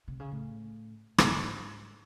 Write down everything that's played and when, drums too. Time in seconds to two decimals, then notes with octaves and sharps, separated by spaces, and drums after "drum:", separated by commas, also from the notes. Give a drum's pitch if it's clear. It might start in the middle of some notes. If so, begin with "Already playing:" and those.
0.08 C3
0.20 C#3
0.32 A2
1.18 G#2, drum: rim click